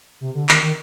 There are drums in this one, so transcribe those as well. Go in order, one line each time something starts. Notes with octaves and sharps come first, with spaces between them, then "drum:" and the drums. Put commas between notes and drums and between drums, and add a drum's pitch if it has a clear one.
C3
D3
D#3, drum: clap
D#3